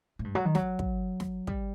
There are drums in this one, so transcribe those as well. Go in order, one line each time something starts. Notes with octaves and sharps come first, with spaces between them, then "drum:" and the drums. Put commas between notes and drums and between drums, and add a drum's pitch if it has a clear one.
A2
G2
F#3
D#3
F#3, drum: snare
drum: kick
drum: snare
G3, drum: kick